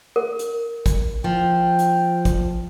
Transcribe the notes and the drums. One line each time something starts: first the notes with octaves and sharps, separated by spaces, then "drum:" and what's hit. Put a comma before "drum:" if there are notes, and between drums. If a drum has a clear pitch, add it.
A#4
drum: hi-hat
drum: kick, hi-hat
F3 G5
drum: hi-hat
drum: kick, hi-hat